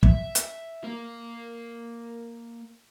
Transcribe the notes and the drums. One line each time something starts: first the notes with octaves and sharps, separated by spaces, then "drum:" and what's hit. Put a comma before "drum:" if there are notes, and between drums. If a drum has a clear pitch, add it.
E5, drum: kick
drum: hi-hat
A#3 A#4